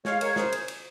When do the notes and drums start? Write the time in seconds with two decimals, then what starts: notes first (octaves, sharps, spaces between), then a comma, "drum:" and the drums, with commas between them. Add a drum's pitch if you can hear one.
0.05 G#3 C#5 F5, drum: snare
0.21 G#3 A#4 C#5, drum: cymbal
0.36 C#3 G#4 C5, drum: snare
0.52 drum: cymbal
0.68 drum: cymbal